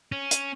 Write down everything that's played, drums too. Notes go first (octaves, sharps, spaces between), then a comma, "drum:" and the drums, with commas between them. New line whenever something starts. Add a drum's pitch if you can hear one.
C#4
drum: hi-hat